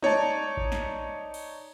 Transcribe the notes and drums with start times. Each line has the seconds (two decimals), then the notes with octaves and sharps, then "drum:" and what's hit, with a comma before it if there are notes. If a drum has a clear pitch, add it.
0.03 D#4 C#5 D5 A5, drum: tom
0.57 drum: kick A1
0.72 drum: snare
1.34 drum: cymbal